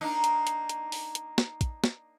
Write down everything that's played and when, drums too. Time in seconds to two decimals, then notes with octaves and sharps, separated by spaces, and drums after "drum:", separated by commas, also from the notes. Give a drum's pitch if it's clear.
0.01 A#3 D4 D#4
0.24 drum: hi-hat
0.47 drum: hi-hat
0.69 drum: hi-hat
0.92 drum: open hi-hat
1.15 drum: hi-hat
1.38 drum: snare
1.61 drum: kick, hi-hat
1.84 drum: snare